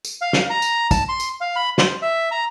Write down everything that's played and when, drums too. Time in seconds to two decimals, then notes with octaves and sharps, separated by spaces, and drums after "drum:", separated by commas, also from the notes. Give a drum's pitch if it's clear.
0.05 drum: tambourine
0.21 F5
0.33 drum: snare
0.50 A#5
0.62 drum: tambourine
0.91 A5, drum: kick, tambourine
1.09 C6
1.20 drum: tambourine
1.41 F5
1.56 B5
1.78 C5, drum: snare
2.02 E5
2.31 A#5